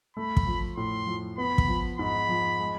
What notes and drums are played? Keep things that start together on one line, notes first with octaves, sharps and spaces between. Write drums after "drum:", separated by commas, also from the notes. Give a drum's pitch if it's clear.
A3 B5
drum: kick
F3
A2 C6
F3
B3 B5
drum: kick
F3
G#2 B5
F3
G#3